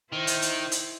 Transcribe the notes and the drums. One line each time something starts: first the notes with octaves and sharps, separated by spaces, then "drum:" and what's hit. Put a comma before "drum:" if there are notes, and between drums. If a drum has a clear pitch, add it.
D#3 E4 C5
drum: hi-hat
drum: hi-hat
drum: hi-hat